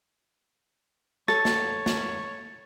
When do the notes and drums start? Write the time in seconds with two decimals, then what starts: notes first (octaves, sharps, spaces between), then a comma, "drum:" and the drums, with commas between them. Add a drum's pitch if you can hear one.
1.28 A4 C#5 A6, drum: rim click
1.45 drum: snare
1.86 drum: snare